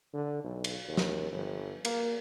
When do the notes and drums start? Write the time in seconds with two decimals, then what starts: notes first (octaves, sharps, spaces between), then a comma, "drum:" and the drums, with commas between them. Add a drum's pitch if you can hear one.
0.13 D3
0.44 B1
0.64 drum: cymbal
0.88 D#2
0.97 drum: snare
1.32 G1
1.85 A#3, drum: cymbal